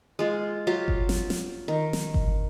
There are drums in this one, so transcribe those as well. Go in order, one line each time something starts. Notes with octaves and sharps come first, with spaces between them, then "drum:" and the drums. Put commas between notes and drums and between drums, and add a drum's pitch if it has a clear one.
G#3 F4
F#3 F4 G4
drum: kick G1
drum: snare
drum: snare
D#3
drum: snare
drum: kick G1